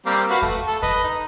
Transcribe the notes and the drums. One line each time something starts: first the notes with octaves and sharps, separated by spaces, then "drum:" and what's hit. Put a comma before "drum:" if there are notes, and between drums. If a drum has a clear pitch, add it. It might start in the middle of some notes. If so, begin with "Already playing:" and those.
G3 A#3 C4
F#4 B4 F5
A3, drum: kick E2
A4
B4 D#5, drum: kick E2
D#4